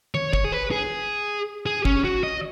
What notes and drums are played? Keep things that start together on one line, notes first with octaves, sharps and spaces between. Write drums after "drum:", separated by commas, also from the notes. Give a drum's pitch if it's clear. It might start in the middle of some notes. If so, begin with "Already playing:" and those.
C#5, drum: tom D#3
C#5, drum: kick
G#4
B4
G#4
G#4
C#4, drum: kick
F#4
D#5